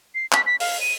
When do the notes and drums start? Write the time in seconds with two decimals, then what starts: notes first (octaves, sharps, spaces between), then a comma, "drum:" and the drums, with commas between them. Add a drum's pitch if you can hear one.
0.15 C7
0.32 B6, drum: clap
0.46 B6
0.60 F5, drum: open hi-hat
0.81 D#7